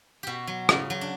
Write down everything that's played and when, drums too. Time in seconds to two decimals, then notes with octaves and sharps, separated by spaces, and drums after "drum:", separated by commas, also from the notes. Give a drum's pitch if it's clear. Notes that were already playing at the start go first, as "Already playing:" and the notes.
0.23 B2 F#4 G4
0.47 F#3
0.69 C#3, drum: rim click
0.90 F#3
1.01 D4